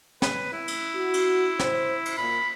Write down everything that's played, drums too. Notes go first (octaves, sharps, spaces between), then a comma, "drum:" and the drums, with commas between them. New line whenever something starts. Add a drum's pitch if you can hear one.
B4, drum: snare
E4
drum: cymbal
F#4
drum: cymbal
C5, drum: snare
drum: cymbal
A#2 B5